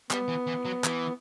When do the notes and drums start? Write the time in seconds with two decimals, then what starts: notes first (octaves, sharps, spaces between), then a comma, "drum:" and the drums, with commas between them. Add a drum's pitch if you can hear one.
0.11 G3 B3, drum: clap
0.29 E3
0.47 E3
0.65 F#3
0.84 E3, drum: clap